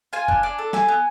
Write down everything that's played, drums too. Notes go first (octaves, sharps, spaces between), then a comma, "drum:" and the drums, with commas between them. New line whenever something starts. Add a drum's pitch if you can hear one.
F4 G#5
D4, drum: kick F#1
D4
A4
E4 G#5, drum: snare
B3